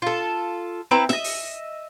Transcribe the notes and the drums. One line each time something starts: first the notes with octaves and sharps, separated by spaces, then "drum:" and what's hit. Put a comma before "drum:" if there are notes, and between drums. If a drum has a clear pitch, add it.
F4 A4
C4 E4 B4 A#5
D#5 E5, drum: snare
drum: open hi-hat